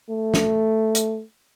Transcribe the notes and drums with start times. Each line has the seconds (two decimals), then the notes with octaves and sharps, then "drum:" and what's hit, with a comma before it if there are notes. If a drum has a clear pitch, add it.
0.10 A3
0.34 drum: snare
0.95 drum: hi-hat